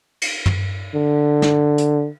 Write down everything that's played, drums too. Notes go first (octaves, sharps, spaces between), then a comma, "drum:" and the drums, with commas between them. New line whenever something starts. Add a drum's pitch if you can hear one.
drum: cymbal
drum: tom
D3
drum: snare
drum: hi-hat